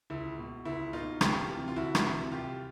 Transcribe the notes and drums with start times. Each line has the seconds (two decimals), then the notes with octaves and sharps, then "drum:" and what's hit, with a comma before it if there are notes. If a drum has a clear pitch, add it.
0.10 C#2 E4
0.38 B2
0.65 C#2 E4
0.93 B2 D#4 F4
1.21 D2 F4 G4, drum: rim click
1.49 C3 E3
1.68 F4
1.76 D2 E4 F#4
1.95 drum: rim click
2.04 C3 E3
2.31 C2 F4 G4